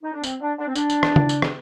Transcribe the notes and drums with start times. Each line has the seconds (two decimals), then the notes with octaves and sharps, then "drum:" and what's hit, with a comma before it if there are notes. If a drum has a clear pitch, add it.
0.03 D#4
0.14 D4
0.24 C4, drum: tambourine
0.41 D4
0.59 D4
0.68 C4
0.75 D4, drum: tambourine
0.90 drum: tambourine
1.03 drum: rim click
1.16 drum: tom C#3
1.29 drum: tambourine
1.42 drum: rim click